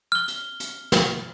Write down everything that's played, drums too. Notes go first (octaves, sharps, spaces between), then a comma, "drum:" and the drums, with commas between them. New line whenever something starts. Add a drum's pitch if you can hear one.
F6 G7
drum: hi-hat
drum: hi-hat
drum: snare